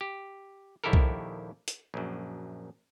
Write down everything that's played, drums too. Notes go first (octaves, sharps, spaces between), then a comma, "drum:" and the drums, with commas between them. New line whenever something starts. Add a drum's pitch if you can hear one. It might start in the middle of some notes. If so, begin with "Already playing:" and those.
G4
A#1 D#2 E4 G4 A4 A#4
drum: kick B1
drum: hi-hat
A#1 F#2